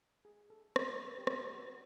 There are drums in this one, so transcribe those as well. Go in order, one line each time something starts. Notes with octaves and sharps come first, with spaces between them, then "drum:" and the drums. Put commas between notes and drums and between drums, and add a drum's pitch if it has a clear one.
G#4
A4
A#4, drum: rim click
A#4
A4
G4
G#4, drum: rim click
F#4